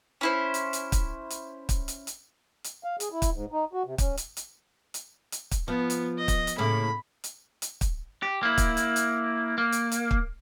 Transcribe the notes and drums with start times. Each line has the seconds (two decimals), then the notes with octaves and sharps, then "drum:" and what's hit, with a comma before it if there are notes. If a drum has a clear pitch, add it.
0.21 C#4 E4 C5
0.54 drum: hi-hat
0.73 drum: hi-hat
0.92 drum: kick, hi-hat
1.30 drum: hi-hat
1.69 drum: kick, hi-hat
1.88 drum: hi-hat
2.07 drum: hi-hat
2.64 drum: hi-hat
2.84 F5
3.00 G#4, drum: hi-hat
3.12 E4
3.22 drum: kick, hi-hat
3.33 G#2
3.52 D#4
3.73 F#4
3.86 C3
3.98 C#4, drum: kick, hi-hat
4.17 drum: hi-hat
4.37 drum: hi-hat
4.94 drum: hi-hat
5.32 drum: hi-hat
5.51 drum: kick, hi-hat
5.68 F3 B3
5.90 drum: hi-hat
6.18 D#5
6.28 drum: kick, hi-hat
6.47 drum: hi-hat
6.58 A2 C#3 A#3 B5
7.24 drum: hi-hat
7.62 drum: hi-hat
7.81 drum: kick, hi-hat
8.23 G4
8.43 A#3 E4
8.58 drum: kick, hi-hat
8.77 drum: hi-hat
8.96 drum: hi-hat
9.58 A#3
9.72 drum: hi-hat
9.92 drum: hi-hat
10.11 drum: kick